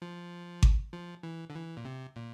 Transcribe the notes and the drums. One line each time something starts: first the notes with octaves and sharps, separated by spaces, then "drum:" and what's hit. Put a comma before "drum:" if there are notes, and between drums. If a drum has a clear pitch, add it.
F3
drum: kick G#1
F3
E3
D3
E3
A#2
C3
A#2